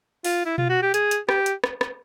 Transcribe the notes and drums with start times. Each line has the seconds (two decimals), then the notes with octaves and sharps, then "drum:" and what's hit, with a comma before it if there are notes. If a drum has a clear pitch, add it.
0.25 F4, drum: open hi-hat
0.46 E4
0.58 F4, drum: tom B2
0.70 F#4
0.82 G4
0.94 G#4, drum: hi-hat
1.11 drum: hi-hat
1.29 G4, drum: rim click
1.46 drum: hi-hat
1.64 drum: rim click
1.81 drum: rim click